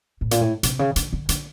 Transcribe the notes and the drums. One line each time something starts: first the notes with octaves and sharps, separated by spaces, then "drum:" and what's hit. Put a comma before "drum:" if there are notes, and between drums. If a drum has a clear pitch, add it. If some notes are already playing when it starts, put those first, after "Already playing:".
A2
A#2, drum: hi-hat
A2
C3, drum: hi-hat
C#3
D3, drum: hi-hat
D3
D3, drum: hi-hat